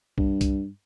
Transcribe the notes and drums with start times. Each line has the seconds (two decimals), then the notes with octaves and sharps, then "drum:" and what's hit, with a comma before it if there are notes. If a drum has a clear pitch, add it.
0.18 G2, drum: kick C2
0.41 drum: kick C2, hi-hat